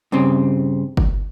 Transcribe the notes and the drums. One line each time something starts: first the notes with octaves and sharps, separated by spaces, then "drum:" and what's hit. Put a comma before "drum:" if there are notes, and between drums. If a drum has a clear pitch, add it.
G2 C#3 C4
drum: kick G1